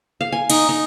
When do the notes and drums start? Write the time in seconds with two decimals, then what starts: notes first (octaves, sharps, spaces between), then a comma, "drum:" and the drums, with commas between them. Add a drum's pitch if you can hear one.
0.21 F5
0.32 G#5
0.50 D#4, drum: cymbal
0.69 D#4